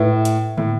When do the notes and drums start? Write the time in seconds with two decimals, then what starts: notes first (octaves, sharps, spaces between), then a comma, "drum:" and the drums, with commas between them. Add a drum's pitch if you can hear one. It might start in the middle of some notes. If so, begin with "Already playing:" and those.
Already playing: A2 B4 E5
0.25 drum: hi-hat
0.58 A2, drum: tom